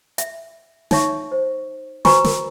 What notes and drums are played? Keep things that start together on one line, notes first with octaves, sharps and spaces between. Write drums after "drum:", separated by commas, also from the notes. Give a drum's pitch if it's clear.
E5, drum: hi-hat
D#4 C#5 E5 C#6, drum: snare
C5
F#4 B4 C5 G#5 A#5 C#6, drum: snare
A#4, drum: snare